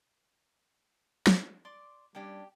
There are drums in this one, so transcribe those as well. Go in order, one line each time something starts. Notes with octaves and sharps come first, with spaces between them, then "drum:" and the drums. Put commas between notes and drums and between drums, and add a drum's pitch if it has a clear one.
drum: snare
D5 C6 D6
G3 A#3 C#4 D4 G4 G5